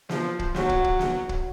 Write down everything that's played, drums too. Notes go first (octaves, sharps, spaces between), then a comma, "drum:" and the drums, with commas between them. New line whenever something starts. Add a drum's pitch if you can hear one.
F3, drum: snare
drum: kick
F#3, drum: snare
drum: kick
drum: kick
drum: snare
drum: kick